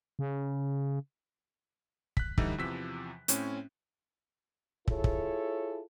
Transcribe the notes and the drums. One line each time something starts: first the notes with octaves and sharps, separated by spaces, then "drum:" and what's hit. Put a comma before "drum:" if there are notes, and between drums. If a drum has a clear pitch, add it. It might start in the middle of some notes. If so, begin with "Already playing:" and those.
C#3
F#6 B6, drum: kick
D3 E3 G3 D#4 E4, drum: kick
E2 C3 E3 F3 E6 B6
A2 C4 C#4, drum: hi-hat
E4 F4 G#4 A4 C#5, drum: kick
drum: kick